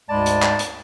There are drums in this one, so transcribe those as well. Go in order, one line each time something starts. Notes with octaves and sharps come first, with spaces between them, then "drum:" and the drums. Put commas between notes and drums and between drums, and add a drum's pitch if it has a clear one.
D2 G#2 G#3 D5 A5 B5
drum: hi-hat
drum: clap
drum: hi-hat